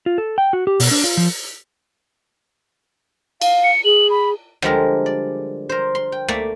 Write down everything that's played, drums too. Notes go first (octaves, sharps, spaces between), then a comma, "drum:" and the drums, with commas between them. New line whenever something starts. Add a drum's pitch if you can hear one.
F4
A4
G5
F#4
G4
B2, drum: open hi-hat
D4
F4
F3
F5, drum: cymbal
C#7
G#4 F#7
B5
D3 F3 G3 G#3 D4 A#4, drum: rim click
D5
A#4 C5
C6
G5
A3 A#3 D5 E5 A5, drum: rim click